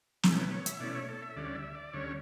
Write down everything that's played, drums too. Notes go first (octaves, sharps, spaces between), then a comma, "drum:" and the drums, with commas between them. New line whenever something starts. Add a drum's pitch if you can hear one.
B2 A3 C#4 E4 G4, drum: snare
B4
C#5
E5, drum: hi-hat
B2 A3 C#4 E4 D5
C#5
A4
E5
D2 D3 G3 C#4 D5
E5
D5
D2 D3 G3 C#4 C#5